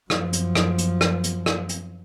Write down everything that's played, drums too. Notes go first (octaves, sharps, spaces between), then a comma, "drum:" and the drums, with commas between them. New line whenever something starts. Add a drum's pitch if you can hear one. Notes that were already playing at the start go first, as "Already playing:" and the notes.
F#2 F3, drum: rim click
drum: hi-hat
drum: rim click
drum: hi-hat
drum: rim click
drum: hi-hat
drum: rim click
drum: hi-hat